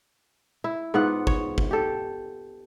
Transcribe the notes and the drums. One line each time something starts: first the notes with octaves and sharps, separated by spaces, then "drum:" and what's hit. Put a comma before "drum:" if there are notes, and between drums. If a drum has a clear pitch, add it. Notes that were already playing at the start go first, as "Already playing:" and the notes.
E4
G#2 B3 F4 F#5
C#5, drum: kick G1
drum: kick G1
G4 A4